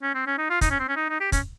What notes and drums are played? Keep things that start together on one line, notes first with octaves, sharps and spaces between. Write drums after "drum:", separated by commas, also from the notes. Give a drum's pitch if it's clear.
C#4
C4
C#4
D#4
F4
D#4, drum: kick, hi-hat
C#4
C4
C#4
D#4
D#4
G4
C#4, drum: kick, hi-hat